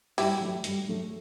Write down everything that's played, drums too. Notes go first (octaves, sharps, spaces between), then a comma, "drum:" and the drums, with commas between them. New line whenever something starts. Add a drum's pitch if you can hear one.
G2 E4 G4, drum: open hi-hat
F#3 A3
G2, drum: hi-hat
F#3 A3